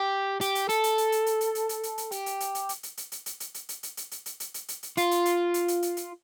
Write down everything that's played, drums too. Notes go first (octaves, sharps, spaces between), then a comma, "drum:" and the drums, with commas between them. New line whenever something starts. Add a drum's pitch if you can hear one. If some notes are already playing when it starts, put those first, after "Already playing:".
Already playing: G4
G4, drum: hi-hat
drum: hi-hat
A4, drum: hi-hat
drum: hi-hat
drum: hi-hat
drum: hi-hat
drum: hi-hat
drum: hi-hat
drum: hi-hat
drum: hi-hat
drum: hi-hat
drum: hi-hat
G4, drum: hi-hat
drum: hi-hat
drum: hi-hat
drum: hi-hat
drum: hi-hat
drum: hi-hat
drum: hi-hat
drum: hi-hat
drum: hi-hat
drum: hi-hat
drum: hi-hat
drum: hi-hat
drum: hi-hat
drum: hi-hat
drum: hi-hat
drum: hi-hat
drum: hi-hat
drum: hi-hat
drum: hi-hat
drum: hi-hat
F4, drum: hi-hat
drum: hi-hat
drum: hi-hat
drum: hi-hat
drum: hi-hat
drum: hi-hat
drum: hi-hat